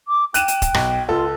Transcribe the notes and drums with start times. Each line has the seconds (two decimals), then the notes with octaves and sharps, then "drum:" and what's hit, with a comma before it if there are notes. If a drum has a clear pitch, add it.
0.08 D6
0.34 G5 F#6 D#7 E7, drum: hi-hat
0.48 drum: hi-hat
0.62 drum: kick D#1, hi-hat
0.74 B1, drum: rim click
1.09 C#2 F4 A4